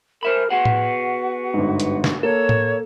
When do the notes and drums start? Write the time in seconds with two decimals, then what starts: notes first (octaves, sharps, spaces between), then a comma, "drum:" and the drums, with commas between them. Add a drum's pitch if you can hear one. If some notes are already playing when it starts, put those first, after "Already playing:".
0.23 A#4 C5 E5 B5
0.50 B3 F#4 G#4 F#5
0.65 drum: tom A2
1.54 G1 G#2
1.80 drum: hi-hat
2.04 drum: snare
2.23 A#3 A4 C#5
2.49 drum: tom A2